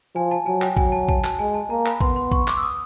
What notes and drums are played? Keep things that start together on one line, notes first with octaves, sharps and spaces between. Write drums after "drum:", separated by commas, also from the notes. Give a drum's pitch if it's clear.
F3 G#5
A5
F#3 G#5
G5, drum: clap
F#3 G#5, drum: kick
A5
A5, drum: kick
A5, drum: clap
G#3 G#5
A5
A#3 A#5
B5, drum: clap
B3 C6, drum: kick
C6
C#6, drum: kick
D6, drum: clap
E6
D#6